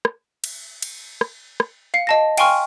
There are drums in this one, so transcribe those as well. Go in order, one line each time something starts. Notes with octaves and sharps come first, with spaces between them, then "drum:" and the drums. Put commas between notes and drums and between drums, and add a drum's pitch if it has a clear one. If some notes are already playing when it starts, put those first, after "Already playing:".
drum: rim click
drum: cymbal
drum: cymbal
drum: rim click
drum: rim click
F5 C7 C#7
D#5 A5 A#6
F5 G5 G#5 C6 C#6 F6, drum: cymbal